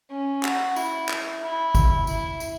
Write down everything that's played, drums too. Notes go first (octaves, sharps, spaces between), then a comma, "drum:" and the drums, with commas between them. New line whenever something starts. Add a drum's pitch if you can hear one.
C#4
F#4, drum: clap
E4, drum: tambourine
drum: clap
E4
drum: kick, tambourine
E4, drum: tambourine
drum: tambourine